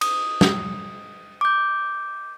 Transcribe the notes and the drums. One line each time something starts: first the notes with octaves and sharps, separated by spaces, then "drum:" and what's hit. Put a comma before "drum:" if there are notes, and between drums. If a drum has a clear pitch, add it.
D#6, drum: cymbal
drum: snare
D6 G6